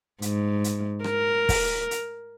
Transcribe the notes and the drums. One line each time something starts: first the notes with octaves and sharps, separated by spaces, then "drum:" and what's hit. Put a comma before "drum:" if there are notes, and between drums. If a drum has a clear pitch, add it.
G#2, drum: hi-hat
drum: hi-hat
A#4, drum: rim click
drum: kick, open hi-hat
drum: hi-hat